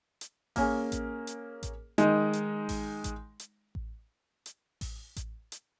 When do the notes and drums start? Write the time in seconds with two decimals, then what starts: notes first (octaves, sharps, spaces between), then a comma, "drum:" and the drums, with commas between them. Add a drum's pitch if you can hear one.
0.21 drum: hi-hat
0.56 A#3 C#4 G#4, drum: kick A1, open hi-hat
0.92 drum: kick A1, hi-hat
1.27 drum: hi-hat
1.63 drum: kick A1, hi-hat
1.98 D#3 G#3 D#4, drum: hi-hat
2.33 drum: hi-hat
2.69 drum: kick A1, open hi-hat
3.04 drum: kick A1, hi-hat
3.40 drum: hi-hat
3.75 drum: kick A1
4.46 drum: hi-hat
4.81 drum: kick A1, open hi-hat
5.16 drum: kick A1, hi-hat
5.52 drum: hi-hat